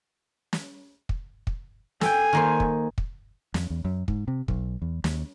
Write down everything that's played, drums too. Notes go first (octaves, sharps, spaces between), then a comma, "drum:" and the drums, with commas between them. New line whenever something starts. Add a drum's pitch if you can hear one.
drum: snare
drum: kick
drum: kick
A4 G5 G#5, drum: snare
D#3 A#3 C5
drum: kick
drum: kick
F2, drum: snare
E2
F#2
G#2, drum: kick
C3
B1, drum: kick
E2
D#2, drum: snare